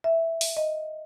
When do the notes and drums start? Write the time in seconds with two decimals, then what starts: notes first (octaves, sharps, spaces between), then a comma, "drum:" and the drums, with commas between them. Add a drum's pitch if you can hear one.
0.04 E5
0.41 drum: open hi-hat
0.57 D#5